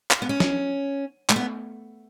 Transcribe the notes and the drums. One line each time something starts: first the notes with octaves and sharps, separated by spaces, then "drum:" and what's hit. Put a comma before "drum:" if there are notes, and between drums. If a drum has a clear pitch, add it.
drum: clap
B3
C#4
drum: snare
A3, drum: clap
B3